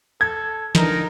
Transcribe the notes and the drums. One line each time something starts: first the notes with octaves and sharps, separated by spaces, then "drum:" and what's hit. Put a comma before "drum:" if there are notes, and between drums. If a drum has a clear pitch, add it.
A4 G#6
D3 E3 D#4 A#4, drum: snare